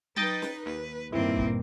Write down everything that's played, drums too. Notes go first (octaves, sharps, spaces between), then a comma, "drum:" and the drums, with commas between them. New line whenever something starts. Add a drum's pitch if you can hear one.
D#4 B4 D#5 G5 A6, drum: tom F#3
drum: snare
D#2 B4
G2 A#2 D#3 A#3 C4 E4
drum: kick